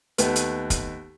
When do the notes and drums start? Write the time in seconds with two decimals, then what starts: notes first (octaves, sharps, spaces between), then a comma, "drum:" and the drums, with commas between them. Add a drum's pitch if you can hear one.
0.18 D#2 A3 B3, drum: hi-hat
0.36 drum: hi-hat
0.70 drum: kick, hi-hat